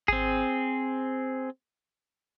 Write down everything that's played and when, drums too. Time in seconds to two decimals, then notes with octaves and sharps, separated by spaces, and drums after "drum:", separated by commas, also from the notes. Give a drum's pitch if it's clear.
0.08 C4 G#4, drum: kick G#1